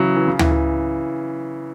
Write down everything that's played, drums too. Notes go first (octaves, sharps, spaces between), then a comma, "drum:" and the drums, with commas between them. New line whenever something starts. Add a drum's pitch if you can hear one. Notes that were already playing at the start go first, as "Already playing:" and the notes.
Already playing: C#3 E3 F#3
E3
C#3
E3, drum: tom D2
E3